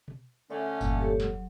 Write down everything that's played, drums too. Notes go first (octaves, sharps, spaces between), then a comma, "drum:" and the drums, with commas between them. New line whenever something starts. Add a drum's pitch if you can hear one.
drum: tom B2
D3 A3 C#4 C#5 E5
E2 G2 A#2 F5, drum: kick F#1, tambourine
G4 A4 C#5
F#3, drum: snare